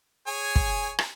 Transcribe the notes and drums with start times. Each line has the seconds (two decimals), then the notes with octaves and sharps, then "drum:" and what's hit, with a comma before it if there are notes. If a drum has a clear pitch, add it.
0.27 G#4 C#5 G#5
0.56 drum: kick
0.99 drum: rim click